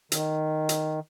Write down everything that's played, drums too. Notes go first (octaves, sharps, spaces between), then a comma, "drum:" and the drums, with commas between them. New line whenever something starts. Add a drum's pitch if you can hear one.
D#3, drum: hi-hat
drum: hi-hat